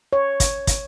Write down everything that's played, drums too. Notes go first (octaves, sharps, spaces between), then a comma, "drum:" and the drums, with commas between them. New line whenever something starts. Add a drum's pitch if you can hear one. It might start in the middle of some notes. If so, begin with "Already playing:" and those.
C#5
drum: kick, hi-hat
drum: kick, hi-hat